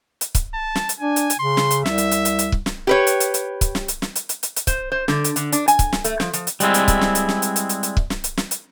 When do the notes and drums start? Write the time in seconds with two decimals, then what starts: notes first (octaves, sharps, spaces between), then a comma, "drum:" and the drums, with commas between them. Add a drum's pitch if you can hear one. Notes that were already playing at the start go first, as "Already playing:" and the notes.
0.21 drum: hi-hat
0.35 drum: kick, hi-hat
0.54 A5
0.75 drum: snare
0.89 drum: hi-hat
1.00 D4 G#5
1.16 drum: hi-hat
1.30 drum: hi-hat
1.39 C#3 C6
1.57 drum: snare
1.71 drum: hi-hat
1.86 C2 E5, drum: snare
1.98 drum: hi-hat
2.11 drum: hi-hat
2.25 drum: hi-hat
2.39 drum: hi-hat
2.52 drum: kick
2.66 drum: snare
2.87 G4 B4 C#5
3.07 drum: hi-hat
3.20 drum: hi-hat
3.34 drum: hi-hat
3.61 drum: kick, hi-hat
3.75 drum: snare
3.88 drum: hi-hat
4.02 drum: snare
4.16 drum: hi-hat
4.29 drum: hi-hat
4.43 drum: hi-hat
4.56 drum: hi-hat
4.67 C5, drum: kick, hi-hat
4.92 C5
5.08 D3, drum: snare
5.24 drum: hi-hat
5.36 D3, drum: hi-hat
5.52 D4, drum: hi-hat
5.68 G#5, drum: hi-hat
5.79 drum: kick, hi-hat
5.92 drum: snare
6.04 A3, drum: hi-hat
6.20 F3, drum: snare
6.34 F3, drum: hi-hat
6.47 drum: hi-hat
6.60 G3 G#3 C4 E4, drum: hi-hat
6.74 drum: hi-hat
6.88 drum: kick, hi-hat
7.01 drum: snare
7.15 drum: hi-hat
7.29 drum: snare
7.42 drum: hi-hat
7.56 drum: hi-hat
7.69 drum: hi-hat
7.83 drum: hi-hat
7.97 drum: kick
8.10 drum: snare
8.24 drum: hi-hat
8.37 drum: snare
8.51 drum: hi-hat